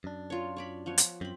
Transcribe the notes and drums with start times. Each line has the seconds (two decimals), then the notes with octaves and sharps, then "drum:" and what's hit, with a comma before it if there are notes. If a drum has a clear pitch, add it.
0.04 F#2 D4
0.30 F4 C#5
0.57 C#5 D5 B5
0.86 F3 B3 C#5
0.98 drum: hi-hat
1.21 F#2 C4 B5